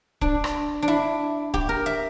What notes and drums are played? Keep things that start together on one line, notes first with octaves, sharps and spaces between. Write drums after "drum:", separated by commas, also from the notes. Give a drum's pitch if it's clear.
D4, drum: kick
drum: rim click
D4
E4
G4, drum: kick
A#4
E5